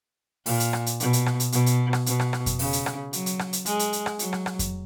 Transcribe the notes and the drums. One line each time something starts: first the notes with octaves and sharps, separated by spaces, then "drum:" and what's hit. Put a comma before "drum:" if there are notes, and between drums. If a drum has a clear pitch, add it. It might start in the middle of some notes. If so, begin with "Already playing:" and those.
A#2, drum: open hi-hat
drum: hi-hat
drum: rim click
drum: hi-hat
B2, drum: hi-hat
drum: hi-hat
drum: rim click
drum: hi-hat
B2, drum: hi-hat
drum: hi-hat
drum: rim click
B2, drum: hi-hat
drum: rim click
drum: rim click
drum: kick F2, hi-hat
C#3, drum: open hi-hat
drum: hi-hat
drum: rim click
F#3, drum: hi-hat
drum: hi-hat
drum: rim click
drum: hi-hat
G#3, drum: hi-hat
drum: hi-hat
drum: hi-hat
drum: rim click
F#3, drum: hi-hat
drum: rim click
drum: rim click
drum: kick F2, hi-hat